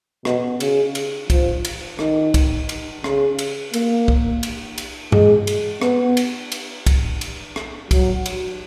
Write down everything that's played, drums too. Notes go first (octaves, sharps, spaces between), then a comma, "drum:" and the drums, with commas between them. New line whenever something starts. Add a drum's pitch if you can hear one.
B2, drum: rim click
C#3, drum: cymbal
drum: cymbal
F3, drum: kick, cymbal
drum: cymbal
D#3, drum: rim click
drum: kick, cymbal
drum: cymbal
C#3, drum: rim click
drum: cymbal
A#3, drum: cymbal
drum: kick
drum: cymbal
drum: cymbal
G#3, drum: tom G2
drum: cymbal
B3, drum: rim click
drum: cymbal
drum: cymbal
drum: kick, cymbal
drum: cymbal
drum: rim click
F#3, drum: kick, cymbal
drum: cymbal